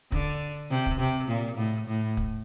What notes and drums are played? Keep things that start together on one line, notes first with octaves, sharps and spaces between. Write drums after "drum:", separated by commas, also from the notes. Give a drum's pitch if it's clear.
D3, drum: kick
C3
drum: kick
C3
A#2
A2
A2
drum: kick